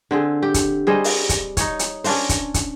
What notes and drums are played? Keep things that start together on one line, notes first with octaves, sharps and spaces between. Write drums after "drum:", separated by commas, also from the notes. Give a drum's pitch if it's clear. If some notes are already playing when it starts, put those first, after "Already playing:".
D3 C4 G#4
G4
drum: kick, hi-hat
G3 G#4 C5 D#5
drum: open hi-hat
drum: kick, hi-hat
D#4 C#5, drum: kick, hi-hat
drum: hi-hat
C#4 D4 C5, drum: open hi-hat
drum: kick, hi-hat
drum: kick, hi-hat